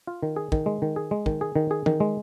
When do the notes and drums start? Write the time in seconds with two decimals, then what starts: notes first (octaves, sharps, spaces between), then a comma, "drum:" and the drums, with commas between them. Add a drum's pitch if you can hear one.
0.07 F4
0.23 D#3
0.36 G#4
0.52 D#3, drum: kick
0.66 G#3
0.82 D#3
0.96 G#4
1.11 G#3
1.26 D#3, drum: kick
1.41 G#4
1.56 D#3
1.71 G#4
1.86 D#3, drum: tom
2.00 G#3